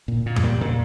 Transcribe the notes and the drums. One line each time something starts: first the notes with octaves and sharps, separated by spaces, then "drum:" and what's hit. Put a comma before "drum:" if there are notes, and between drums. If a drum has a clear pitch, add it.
A#2
A#2
G#3, drum: tom F2
A#2 G3
A#2